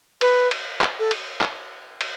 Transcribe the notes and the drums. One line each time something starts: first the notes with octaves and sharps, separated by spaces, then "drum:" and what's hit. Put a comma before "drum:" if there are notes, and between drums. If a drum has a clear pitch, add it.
B4, drum: cymbal
drum: cymbal
drum: clap
A4
drum: cymbal
drum: clap
drum: cymbal